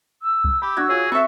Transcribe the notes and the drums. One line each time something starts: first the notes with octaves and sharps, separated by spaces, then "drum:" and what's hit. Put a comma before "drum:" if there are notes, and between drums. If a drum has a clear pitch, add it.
E6
drum: kick C2
G4 B5
D4 F#4 G#6
F4 G#4 C#5
C4 A4 E5 C#6